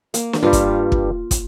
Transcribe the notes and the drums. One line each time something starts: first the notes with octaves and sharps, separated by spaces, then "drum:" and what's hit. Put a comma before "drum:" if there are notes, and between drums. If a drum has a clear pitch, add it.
A#3, drum: hi-hat
drum: snare
G2 G3 F4
drum: kick, hi-hat
drum: kick
drum: kick, hi-hat